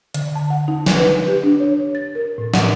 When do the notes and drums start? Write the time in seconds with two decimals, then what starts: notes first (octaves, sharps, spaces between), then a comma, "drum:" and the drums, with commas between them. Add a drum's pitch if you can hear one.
0.14 D3, drum: hi-hat
0.35 A5
0.50 F#5
0.68 D#4
0.86 drum: snare
0.96 B4
1.28 G4
1.43 D4
1.60 C#5
1.95 A6
2.15 A#4
2.38 A2
2.54 F#5, drum: snare